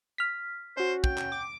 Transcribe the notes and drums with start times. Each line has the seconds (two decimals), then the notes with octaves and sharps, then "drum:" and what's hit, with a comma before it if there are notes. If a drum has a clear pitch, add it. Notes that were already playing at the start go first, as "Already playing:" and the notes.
0.18 F6 B6
0.77 C#4 F#4 C5
1.04 G5, drum: kick
1.18 drum: clap
1.32 D6